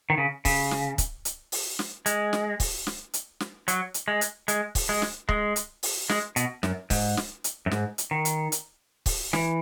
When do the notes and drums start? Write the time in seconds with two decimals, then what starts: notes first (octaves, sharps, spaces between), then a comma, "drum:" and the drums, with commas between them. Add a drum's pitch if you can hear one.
0.10 D#3
0.18 C#3
0.45 C#3, drum: kick, open hi-hat
0.71 drum: snare
0.98 drum: kick, hi-hat
1.25 drum: hi-hat
1.52 drum: open hi-hat
1.79 drum: snare
2.06 G#3, drum: hi-hat
2.33 drum: snare
2.60 drum: kick, open hi-hat
2.87 drum: snare
3.14 drum: hi-hat
3.40 drum: snare
3.68 F#3, drum: hi-hat
3.94 drum: hi-hat
4.08 G#3
4.21 drum: hi-hat
4.48 G#3, drum: hi-hat
4.75 drum: kick, open hi-hat
4.89 G#3
5.02 drum: snare
5.29 G#3, drum: kick
5.56 drum: hi-hat
5.83 drum: open hi-hat
6.10 G#3, drum: snare
6.36 B2, drum: hi-hat
6.63 F#2, drum: snare
6.90 G#2, drum: kick, open hi-hat
7.17 drum: snare
7.44 drum: hi-hat
7.66 F#2
7.71 G#2, drum: snare
7.98 drum: hi-hat
8.11 D#3
8.25 drum: hi-hat
8.52 drum: hi-hat
9.06 drum: kick, open hi-hat
9.33 E3, drum: snare